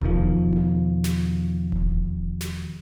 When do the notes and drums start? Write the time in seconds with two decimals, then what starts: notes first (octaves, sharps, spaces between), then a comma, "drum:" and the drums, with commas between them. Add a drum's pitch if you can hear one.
0.02 E2 B2 D#3 F3, drum: kick D#1
0.53 drum: tom D#4
1.04 drum: snare
1.72 drum: kick D#1
2.41 drum: snare